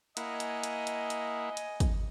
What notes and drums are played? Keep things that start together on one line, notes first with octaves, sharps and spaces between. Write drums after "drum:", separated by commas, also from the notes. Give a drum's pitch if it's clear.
A#3 E4 D#5 F#5 G#5, drum: hi-hat
drum: hi-hat
drum: hi-hat
drum: hi-hat
drum: hi-hat
drum: hi-hat
drum: kick, hi-hat